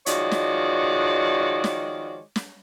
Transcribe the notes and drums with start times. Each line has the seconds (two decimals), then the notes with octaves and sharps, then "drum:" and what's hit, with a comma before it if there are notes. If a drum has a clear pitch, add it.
0.06 D#3 F3 G#3 F#4 C#5 D5, drum: hi-hat
0.31 drum: snare
1.64 drum: snare
2.36 drum: snare